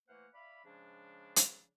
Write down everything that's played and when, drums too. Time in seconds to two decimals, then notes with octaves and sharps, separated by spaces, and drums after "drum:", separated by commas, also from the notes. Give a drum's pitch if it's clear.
0.09 E3 A3 A#3 C5 F#5 F6
0.34 D5 E5 F5 B5
0.65 C#3 F3 G#3 D4
1.36 drum: hi-hat